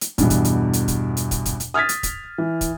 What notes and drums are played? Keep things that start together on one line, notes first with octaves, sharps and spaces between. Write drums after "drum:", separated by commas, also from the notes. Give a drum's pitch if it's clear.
drum: hi-hat
E2 G2 B2, drum: kick, hi-hat
drum: kick, hi-hat
drum: hi-hat
drum: hi-hat
drum: kick, hi-hat
drum: hi-hat
drum: kick, hi-hat
drum: kick, hi-hat
drum: hi-hat
D#6 F6 G#6 A6 B6
drum: hi-hat
drum: kick, hi-hat
E3
drum: kick, hi-hat